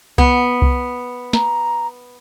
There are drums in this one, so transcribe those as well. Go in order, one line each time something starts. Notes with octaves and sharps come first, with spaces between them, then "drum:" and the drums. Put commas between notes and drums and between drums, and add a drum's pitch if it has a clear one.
B3, drum: kick C2
drum: kick C2
A#5, drum: snare